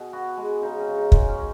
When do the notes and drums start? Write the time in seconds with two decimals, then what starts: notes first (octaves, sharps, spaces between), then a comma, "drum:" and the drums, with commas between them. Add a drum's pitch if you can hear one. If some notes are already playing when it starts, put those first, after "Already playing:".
Already playing: B2 G#4
0.13 B3 F#4
0.37 G#3
0.62 C#3 D#4
0.79 C#4
0.88 C#3
0.96 D#4
1.12 G#3, drum: kick
1.28 C#4
1.37 D#3